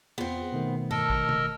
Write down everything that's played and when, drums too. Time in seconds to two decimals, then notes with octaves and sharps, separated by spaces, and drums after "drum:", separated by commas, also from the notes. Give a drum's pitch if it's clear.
0.18 E2 B3 C4 F4 G#4
0.52 B2 D#3 A3
0.91 A4 A#4 D#5 E6, drum: tom G2
1.10 drum: kick
1.29 drum: tom C3